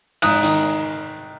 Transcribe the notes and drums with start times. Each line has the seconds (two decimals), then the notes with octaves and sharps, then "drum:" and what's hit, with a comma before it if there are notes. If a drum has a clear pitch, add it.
0.22 G#2 D#6 F#6, drum: cymbal
0.43 D#3, drum: open hi-hat